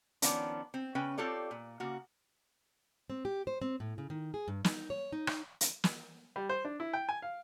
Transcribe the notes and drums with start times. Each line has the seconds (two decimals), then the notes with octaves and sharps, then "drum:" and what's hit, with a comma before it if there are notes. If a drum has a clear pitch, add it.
0.22 D#3 F3 B3 C#4 D4, drum: hi-hat
0.74 C4
0.95 C#3 C#4 B4 G5
1.18 C4 F4 G4 A4 C#5 D5
1.51 A#2
1.80 C#3 A#3 F#4
3.10 C4
3.25 G4
3.47 C5
3.62 C4
3.80 A2
3.98 C#3
4.10 D#3
4.34 G#4
4.48 G2
4.65 D#4, drum: snare
4.90 C#5
5.12 D#4
5.27 drum: rim click
5.61 drum: hi-hat
5.84 drum: snare
6.36 G3
6.49 C5
6.65 D4
6.80 E4
6.93 G5
7.09 G#5
7.22 F5